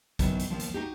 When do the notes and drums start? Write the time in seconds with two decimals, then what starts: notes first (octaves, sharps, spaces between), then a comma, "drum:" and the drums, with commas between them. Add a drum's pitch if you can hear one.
0.19 F#2 B2 D#3 F#3, drum: kick A1, hi-hat
0.39 drum: hi-hat
0.50 D#2 F3
0.59 drum: hi-hat
0.74 D#4 F#4 G4